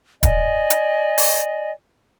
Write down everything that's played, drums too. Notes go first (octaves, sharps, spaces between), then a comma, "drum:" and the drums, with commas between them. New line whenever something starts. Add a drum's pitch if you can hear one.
D5 D#5 G#5, drum: kick D#1, hi-hat
drum: hi-hat
drum: open hi-hat